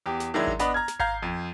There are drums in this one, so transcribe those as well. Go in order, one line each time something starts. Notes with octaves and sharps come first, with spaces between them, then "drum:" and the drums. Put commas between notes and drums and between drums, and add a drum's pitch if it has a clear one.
E2 G4
drum: snare
D#3 F#3 G#3 D4 E4
drum: kick G#1
B3 D4 D#5 B5, drum: snare
A#5 F6 G#6
drum: snare
F5 A#5 G6 G#6 C7, drum: kick G#1
F2